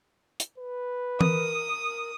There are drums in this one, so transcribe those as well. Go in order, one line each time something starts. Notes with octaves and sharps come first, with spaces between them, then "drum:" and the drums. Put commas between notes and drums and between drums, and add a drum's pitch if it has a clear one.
drum: hi-hat
B4
A#4 D#6, drum: tom E3